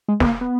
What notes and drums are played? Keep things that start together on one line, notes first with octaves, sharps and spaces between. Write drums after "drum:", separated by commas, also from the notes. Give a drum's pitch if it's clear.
G#3
B3, drum: snare
A#3
B3